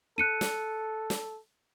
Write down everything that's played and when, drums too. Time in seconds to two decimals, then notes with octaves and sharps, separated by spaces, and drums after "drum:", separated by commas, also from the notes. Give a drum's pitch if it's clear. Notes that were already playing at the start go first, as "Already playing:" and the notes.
0.18 A4 F#6 C#7 D#7
0.41 drum: snare
1.10 drum: snare